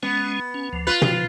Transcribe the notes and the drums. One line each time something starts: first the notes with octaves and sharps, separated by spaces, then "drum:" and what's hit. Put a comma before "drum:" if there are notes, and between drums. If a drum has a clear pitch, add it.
G#3 B3 C#4
C#4
D2 F3
F4 B4
F3, drum: tom